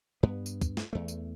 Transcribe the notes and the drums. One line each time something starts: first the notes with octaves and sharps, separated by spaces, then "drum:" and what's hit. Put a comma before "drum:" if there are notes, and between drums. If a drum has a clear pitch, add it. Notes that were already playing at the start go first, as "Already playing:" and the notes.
G2 B3
drum: tambourine
drum: kick, tambourine
drum: snare
E2 A3
drum: tambourine